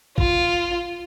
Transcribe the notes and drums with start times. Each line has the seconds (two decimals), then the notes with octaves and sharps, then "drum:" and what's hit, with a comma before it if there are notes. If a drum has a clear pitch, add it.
0.18 F4, drum: kick